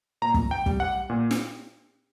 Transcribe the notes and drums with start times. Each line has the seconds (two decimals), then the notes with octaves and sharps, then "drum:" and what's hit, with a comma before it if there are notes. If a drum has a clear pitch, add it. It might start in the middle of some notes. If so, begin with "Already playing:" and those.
0.22 A#2 A#5
0.34 drum: kick
0.51 G5
0.66 G3, drum: kick
0.80 F#5
1.10 A#2
1.31 drum: snare